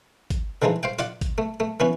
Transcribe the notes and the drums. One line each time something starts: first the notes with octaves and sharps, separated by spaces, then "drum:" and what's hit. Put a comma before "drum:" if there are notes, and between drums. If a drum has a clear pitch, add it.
drum: kick, hi-hat
D3 E3 F3 G#3 D#4
C5 F5 G5
F4 D5 F#5, drum: hi-hat
drum: kick, hi-hat
A3
A3
E3 B3 C#4